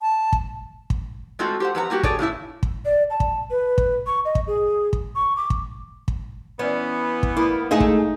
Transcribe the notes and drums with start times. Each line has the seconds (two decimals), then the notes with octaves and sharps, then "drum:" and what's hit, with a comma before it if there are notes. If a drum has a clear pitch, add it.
0.02 A5
0.33 drum: kick
0.90 drum: kick
1.39 G#3 A3 C4 F4 F#4
1.60 G4 C5 F#5
1.75 F2 B4 F#5 A#5
1.90 G3 A#3 F#4 G4
2.03 G#4 A4 C#5 D5, drum: kick
2.19 C#3 A3 E4 E5
2.63 drum: kick
2.85 D5
3.10 A5
3.20 drum: kick
3.51 B4
3.78 drum: kick
4.06 C#6
4.25 D#5
4.35 drum: kick
4.47 G#4
4.93 drum: kick
5.15 C#6
5.37 D6
5.50 drum: kick
6.08 drum: kick
6.59 E3 B3 C#4
7.23 drum: kick
7.37 A#3 E4 B5
7.71 G#3 A3 D#4 G#4 F5
7.80 drum: kick